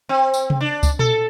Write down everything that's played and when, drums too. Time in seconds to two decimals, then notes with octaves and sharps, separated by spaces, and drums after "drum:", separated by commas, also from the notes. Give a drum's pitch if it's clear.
0.09 C4
0.34 drum: tambourine
0.50 drum: tom C3
0.61 D4
0.83 drum: kick C#2, tambourine
0.99 A4, drum: tom A#2